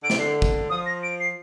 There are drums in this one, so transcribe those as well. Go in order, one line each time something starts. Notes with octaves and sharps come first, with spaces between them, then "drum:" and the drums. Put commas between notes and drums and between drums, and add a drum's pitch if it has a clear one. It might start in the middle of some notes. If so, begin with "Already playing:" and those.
D3 D7
C3, drum: snare
D3 C7
drum: kick
F3 D#6
A#6
D7
C7